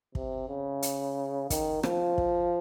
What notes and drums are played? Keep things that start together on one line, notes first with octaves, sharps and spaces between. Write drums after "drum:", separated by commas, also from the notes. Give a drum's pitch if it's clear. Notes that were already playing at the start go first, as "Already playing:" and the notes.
C3, drum: kick
C#3
drum: hi-hat
D#3, drum: kick, hi-hat
F3, drum: rim click
drum: kick